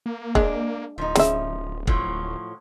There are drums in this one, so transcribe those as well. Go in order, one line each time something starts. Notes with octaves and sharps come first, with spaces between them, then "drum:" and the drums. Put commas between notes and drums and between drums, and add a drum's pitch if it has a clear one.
A#3
G#3 D4, drum: kick
D1 F3 D#4
C#3 E5, drum: snare
A2 F3 F#3, drum: kick